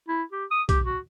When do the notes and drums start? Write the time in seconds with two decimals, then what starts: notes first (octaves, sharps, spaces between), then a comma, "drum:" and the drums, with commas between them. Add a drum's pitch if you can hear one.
0.08 E4
0.32 G4
0.51 D#6
0.69 G4, drum: kick, hi-hat
0.85 F#4